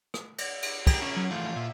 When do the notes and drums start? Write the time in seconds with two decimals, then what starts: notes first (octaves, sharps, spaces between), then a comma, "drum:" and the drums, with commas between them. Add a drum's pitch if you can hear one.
0.14 drum: rim click
0.38 drum: cymbal
0.62 drum: cymbal
0.87 G4 G#4 A#4, drum: kick, cymbal
1.02 C#4 E5
1.16 F#3
1.31 E3 F3 A3 F4 G6
1.56 A#2 E5